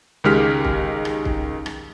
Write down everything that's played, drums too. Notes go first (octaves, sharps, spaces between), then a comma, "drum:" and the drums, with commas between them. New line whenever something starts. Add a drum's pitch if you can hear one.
C#2 D#3 G#3 G4 F6 B6
drum: kick
drum: rim click
drum: kick
drum: rim click